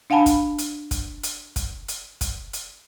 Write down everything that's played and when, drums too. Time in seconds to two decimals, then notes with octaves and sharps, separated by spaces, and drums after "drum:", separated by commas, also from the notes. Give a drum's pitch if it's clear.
0.10 D4 F5 F#5 G#5 A5 B5
0.26 drum: kick, hi-hat
0.59 drum: hi-hat
0.91 drum: kick, hi-hat
1.23 drum: hi-hat
1.56 drum: kick, hi-hat
1.88 drum: hi-hat
2.21 drum: kick, hi-hat
2.53 drum: hi-hat